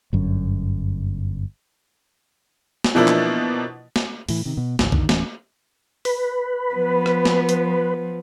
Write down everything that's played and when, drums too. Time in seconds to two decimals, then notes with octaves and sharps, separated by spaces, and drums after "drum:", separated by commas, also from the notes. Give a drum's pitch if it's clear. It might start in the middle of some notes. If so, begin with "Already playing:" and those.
0.13 G1 F#2
2.84 drum: snare
2.95 B2 E3 F3 A#3 D4 E4
3.08 drum: clap
3.96 drum: snare
4.29 A2 E3, drum: open hi-hat
4.45 C3 D#3
4.57 B2
4.79 G#1 C#2 G#2 E3, drum: snare
4.92 F2 D3 D#3, drum: kick B1
5.09 D1 E3 A3 C#4, drum: snare
6.05 B4, drum: open hi-hat
6.74 F3 B3
7.06 drum: rim click
7.25 drum: snare
7.49 drum: hi-hat